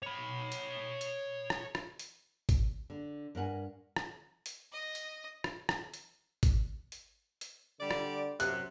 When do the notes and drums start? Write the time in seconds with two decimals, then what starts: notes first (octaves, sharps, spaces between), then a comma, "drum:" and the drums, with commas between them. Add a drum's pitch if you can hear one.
0.03 C#5 B5
0.52 drum: hi-hat
1.01 drum: hi-hat
1.50 drum: rim click
1.75 drum: rim click
1.99 drum: hi-hat
2.49 drum: kick, hi-hat
2.90 D3
3.35 G2 A#4 F#5 G#5
3.97 drum: rim click
4.46 drum: hi-hat
4.72 D#5
4.95 drum: hi-hat
5.44 drum: rim click
5.69 drum: rim click
5.94 drum: hi-hat
6.43 drum: kick, hi-hat
6.92 drum: hi-hat
7.41 drum: hi-hat
7.80 D3 G3 D5
7.91 drum: rim click
8.40 F#2 C3 F#6, drum: hi-hat